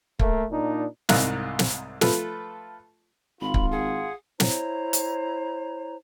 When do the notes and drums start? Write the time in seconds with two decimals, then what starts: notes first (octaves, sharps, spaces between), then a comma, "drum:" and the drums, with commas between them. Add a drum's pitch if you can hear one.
0.20 A3 A#3, drum: kick
0.51 A#2 D4 D#4
1.09 C2 G#2 C3 F5 A#5 F#6, drum: snare
1.59 drum: snare
2.01 F3 A3 F4 A4 B4, drum: snare
3.41 G#1 F4 B5
3.54 drum: kick
3.72 G#4 F#5
4.40 E4 C5 C#5 A#5, drum: snare
4.93 drum: hi-hat